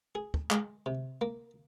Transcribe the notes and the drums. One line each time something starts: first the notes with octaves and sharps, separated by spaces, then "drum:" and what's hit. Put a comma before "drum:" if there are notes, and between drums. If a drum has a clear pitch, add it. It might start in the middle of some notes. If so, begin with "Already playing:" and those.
G#4
drum: kick
G#3, drum: clap
C3
A#3